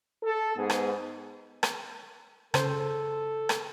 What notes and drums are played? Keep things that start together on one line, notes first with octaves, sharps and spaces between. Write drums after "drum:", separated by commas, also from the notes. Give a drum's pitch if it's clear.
A4
G#2 B3 G#4
drum: rim click
drum: rim click
C#3 A4 C5, drum: rim click
drum: rim click